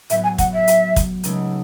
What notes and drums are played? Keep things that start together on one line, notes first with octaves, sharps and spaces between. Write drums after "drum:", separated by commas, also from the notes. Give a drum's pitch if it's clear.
A2 F#3 B3 E5, drum: hi-hat
G#5
F#5, drum: kick, hi-hat
E5
drum: hi-hat
drum: kick, hi-hat
C#2 C#3 F#3 A3 D#4, drum: hi-hat